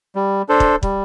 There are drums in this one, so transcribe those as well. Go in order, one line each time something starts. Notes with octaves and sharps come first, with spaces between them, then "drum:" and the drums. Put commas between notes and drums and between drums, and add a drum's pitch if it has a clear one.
G3
D4 A4 C5
drum: kick
G3, drum: kick